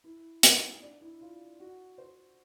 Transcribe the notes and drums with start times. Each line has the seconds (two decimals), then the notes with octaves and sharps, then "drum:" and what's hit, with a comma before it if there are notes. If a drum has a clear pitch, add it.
0.04 E4
0.43 D#4, drum: hi-hat
0.82 D4
1.01 E4
1.21 F4
1.60 F#4
1.98 C5